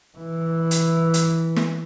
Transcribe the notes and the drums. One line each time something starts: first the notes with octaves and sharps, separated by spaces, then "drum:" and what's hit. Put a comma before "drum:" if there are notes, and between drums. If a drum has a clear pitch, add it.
E3
drum: hi-hat
drum: hi-hat
drum: snare